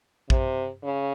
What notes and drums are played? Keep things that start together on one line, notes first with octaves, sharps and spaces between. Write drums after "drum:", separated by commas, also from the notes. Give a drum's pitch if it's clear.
C3, drum: kick
C#3